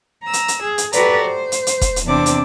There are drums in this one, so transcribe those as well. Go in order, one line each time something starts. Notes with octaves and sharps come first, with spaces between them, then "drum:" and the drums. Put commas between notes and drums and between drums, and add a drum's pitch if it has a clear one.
A#5 E6
drum: hi-hat
drum: hi-hat
G#4
drum: hi-hat
F#4 G4 A4 B4 D5 A#5, drum: hi-hat
C5
drum: hi-hat
drum: hi-hat
drum: kick, hi-hat
drum: hi-hat
E2 C3 C4 D4 D6
drum: hi-hat